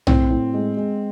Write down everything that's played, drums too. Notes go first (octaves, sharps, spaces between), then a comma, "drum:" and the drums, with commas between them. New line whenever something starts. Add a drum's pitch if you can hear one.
A2 C4, drum: tom B1
A2
G#3
G#3